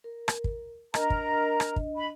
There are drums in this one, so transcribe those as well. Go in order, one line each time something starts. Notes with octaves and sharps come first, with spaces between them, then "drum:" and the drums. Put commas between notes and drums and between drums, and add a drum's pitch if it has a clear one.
A#4
drum: rim click
drum: kick
D4 A#4 D#5 A#5, drum: rim click
drum: kick
drum: rim click
drum: kick
B5